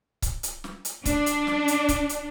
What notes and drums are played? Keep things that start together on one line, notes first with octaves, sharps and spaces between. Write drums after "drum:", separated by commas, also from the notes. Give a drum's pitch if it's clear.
drum: kick C#1, hi-hat
drum: hi-hat
drum: snare
drum: hi-hat
D4, drum: kick C#1, hi-hat
drum: hi-hat
drum: snare
drum: hi-hat
drum: kick C#1, hi-hat
drum: hi-hat